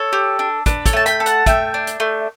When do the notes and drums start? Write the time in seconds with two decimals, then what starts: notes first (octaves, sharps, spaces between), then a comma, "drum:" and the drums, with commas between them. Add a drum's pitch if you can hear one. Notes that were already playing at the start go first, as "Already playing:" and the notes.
Already playing: A4 C#5
0.13 G4
0.39 D4
0.66 D4 B4, drum: kick, hi-hat
0.86 A4 C#5, drum: kick, hi-hat
0.93 A3 A5
1.06 G5 B5, drum: hi-hat
1.20 A4
1.26 F#5 A5, drum: hi-hat
1.46 A3 E5 G5, drum: kick, hi-hat
1.74 D4
1.87 drum: hi-hat
2.00 A3